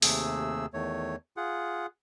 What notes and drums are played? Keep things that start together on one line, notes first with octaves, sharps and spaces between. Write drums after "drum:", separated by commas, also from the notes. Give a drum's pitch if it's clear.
D#2 C3 A3 G#4 E6, drum: open hi-hat
E2 D#3 A3 C#5
F4 G#4 F#5